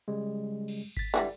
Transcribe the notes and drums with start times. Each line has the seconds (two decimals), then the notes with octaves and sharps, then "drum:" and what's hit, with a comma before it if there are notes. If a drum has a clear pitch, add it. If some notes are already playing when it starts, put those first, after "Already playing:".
0.08 C#3 G3 G#3
0.68 drum: cymbal
0.97 A6 B6, drum: kick G1
1.14 D3 E3 G3, drum: tom